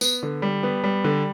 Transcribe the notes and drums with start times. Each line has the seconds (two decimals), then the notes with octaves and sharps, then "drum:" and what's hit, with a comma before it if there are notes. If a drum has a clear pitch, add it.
0.01 B3, drum: tambourine
0.23 D3
0.42 G3
0.63 B3
0.84 G3
1.04 D3